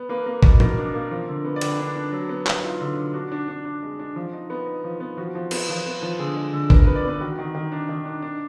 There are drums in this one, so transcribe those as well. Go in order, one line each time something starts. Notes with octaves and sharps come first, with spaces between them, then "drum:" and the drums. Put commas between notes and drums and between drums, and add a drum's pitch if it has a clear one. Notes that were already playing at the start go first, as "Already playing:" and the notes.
Already playing: B3
A#3 B4
A#3
B2, drum: kick
B2 A#4, drum: tom A2
D4
A#3
F3
D3
B3
D5
D3 B4, drum: cymbal
D4
D4
F#3
B3
F#3, drum: clap
D#4 F4
D3
F#3
D4 F#4
D4
D4
D4
G#3
D4
F3
D#4
B3
D#4
F3
B3
F3 F#4
F3
B3, drum: cymbal
F3
B3
F3
D3 G#4
G#3
D3
B3 A#4, drum: kick
B3 B4
D5
B3 B4
D#3 F#4
D#3
D#3
D4
D#3
D4
D4